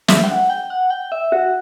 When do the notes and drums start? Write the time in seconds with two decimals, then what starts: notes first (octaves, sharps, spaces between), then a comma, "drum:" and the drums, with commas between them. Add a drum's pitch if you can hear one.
0.08 E5, drum: snare
0.23 G5
0.29 F#5
0.50 G5
0.70 F#5
0.90 G5
1.12 E5
1.32 F#4